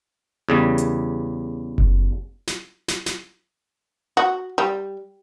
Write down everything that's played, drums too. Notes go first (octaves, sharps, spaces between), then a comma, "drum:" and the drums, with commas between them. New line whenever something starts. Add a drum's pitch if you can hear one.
E2 C#3 G3
drum: hi-hat
drum: kick F#1
drum: snare
drum: snare
drum: snare
F#4
G3